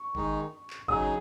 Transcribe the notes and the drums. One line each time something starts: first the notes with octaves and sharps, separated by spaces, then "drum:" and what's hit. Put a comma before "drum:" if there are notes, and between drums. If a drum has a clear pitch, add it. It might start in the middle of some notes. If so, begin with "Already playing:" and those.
Already playing: C#6
D#3 G#3 D#4, drum: kick G#1
drum: clap
C#3 F#3 D#4 G#4 D#6, drum: kick G#1